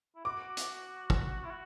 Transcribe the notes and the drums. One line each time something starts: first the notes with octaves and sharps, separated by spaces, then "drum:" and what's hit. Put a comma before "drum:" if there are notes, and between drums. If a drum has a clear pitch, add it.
E4
F#4 D6
drum: hi-hat
drum: kick
E4
F#4